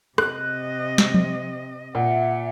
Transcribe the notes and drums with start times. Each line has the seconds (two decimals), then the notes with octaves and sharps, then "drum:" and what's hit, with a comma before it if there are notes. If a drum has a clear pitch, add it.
0.18 C3 D#5 F#6, drum: rim click
0.98 drum: snare
1.14 drum: tom F3
1.95 A#2 E5 F#5